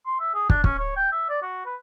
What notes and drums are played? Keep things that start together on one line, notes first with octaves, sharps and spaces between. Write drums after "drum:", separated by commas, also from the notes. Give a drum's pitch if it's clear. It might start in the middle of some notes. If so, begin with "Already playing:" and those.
C6
E5
G#4
D4, drum: kick
C#4, drum: kick
C#5
G5
E5
D5
F#4
B4